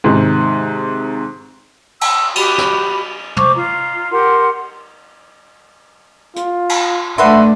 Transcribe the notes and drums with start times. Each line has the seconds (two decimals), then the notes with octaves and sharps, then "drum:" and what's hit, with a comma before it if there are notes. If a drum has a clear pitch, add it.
0.04 G#2 C3 D#3
2.01 E6, drum: cymbal
2.36 F#4 G4 B5, drum: cymbal
2.58 drum: snare
3.37 C5 C#6 D6, drum: tom
3.55 F4 A#5
4.12 G4 A#4 F#5 C6
6.36 F4, drum: hi-hat
6.69 drum: cymbal
7.18 A3 D4 F#4 B4 E5 C6